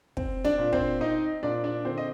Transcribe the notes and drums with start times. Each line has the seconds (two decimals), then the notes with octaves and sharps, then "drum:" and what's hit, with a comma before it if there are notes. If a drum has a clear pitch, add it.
0.17 C4, drum: kick
0.44 D4 D5, drum: snare
0.58 A#2
0.73 C4 C5, drum: kick
1.01 C4 D#4 D#5
1.43 A#2 D4 D5
1.64 D4 D5
1.85 D3 C4 C5
1.98 D#5